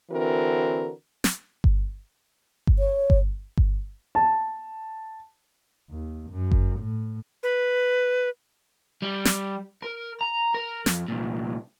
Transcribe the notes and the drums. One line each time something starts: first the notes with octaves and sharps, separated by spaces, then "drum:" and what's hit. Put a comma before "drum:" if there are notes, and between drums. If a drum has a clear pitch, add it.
D3 E3 C4 F#4 A4 A#4
drum: snare
drum: kick G1
drum: kick G1
C#5
drum: kick G1
drum: kick G1
A5
D#2
F#2
drum: kick G1
A2
B4
G3
drum: snare
A#4
A#5
A#4
F2, drum: snare
C2 A#2